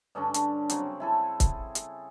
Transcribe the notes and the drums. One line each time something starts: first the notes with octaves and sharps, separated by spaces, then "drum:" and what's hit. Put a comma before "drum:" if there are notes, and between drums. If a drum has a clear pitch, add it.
G2 D3 C#4 D4
drum: hi-hat
C#3 F#3 C4, drum: hi-hat
E4 G#4 A4
drum: kick, hi-hat
drum: hi-hat